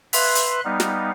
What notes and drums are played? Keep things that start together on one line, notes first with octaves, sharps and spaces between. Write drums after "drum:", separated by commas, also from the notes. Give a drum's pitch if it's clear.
B4 E5 C6 F#6, drum: open hi-hat
drum: hi-hat
G3 B3 D#4 F5
drum: snare